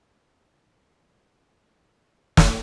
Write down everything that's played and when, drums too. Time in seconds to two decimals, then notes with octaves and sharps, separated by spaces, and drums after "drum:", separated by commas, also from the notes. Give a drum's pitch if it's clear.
0.22 D#2 C3 D#3 E3 C#4 A5
0.64 C#6
0.94 F3 F#3 C5 E5 B5
1.52 D5 D#5 F5 G#5
2.00 F#3 A#5
2.37 drum: snare